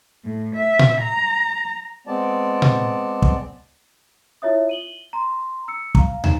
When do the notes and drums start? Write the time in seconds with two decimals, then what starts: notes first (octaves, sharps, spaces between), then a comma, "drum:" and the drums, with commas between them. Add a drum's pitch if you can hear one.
0.22 A2
0.54 E5
0.79 drum: tom A#2
1.02 A#5
2.07 G#3 B3 C4 D5 A5
2.62 drum: tom A#2
3.22 drum: kick
4.42 E4 F4 C#5 E5 D#6
4.69 D#7 F#7 G7
5.13 A#5 C6
5.68 E6 C#7
5.95 F5 A#5, drum: kick
6.24 D#4 E7, drum: tom